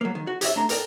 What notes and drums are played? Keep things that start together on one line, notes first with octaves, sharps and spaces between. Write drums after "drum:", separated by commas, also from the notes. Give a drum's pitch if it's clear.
F#3 A#3
D#3
F#4
G4 C#5 D#5 E5, drum: hi-hat
A3 D4 A#5
A4 A#4 D5 G5, drum: hi-hat